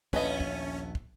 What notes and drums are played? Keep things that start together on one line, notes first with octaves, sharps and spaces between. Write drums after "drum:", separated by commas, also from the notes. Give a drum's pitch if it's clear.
A#1 D#2 A3 B3 C#4 E4 B4 D#5, drum: kick
drum: kick
drum: kick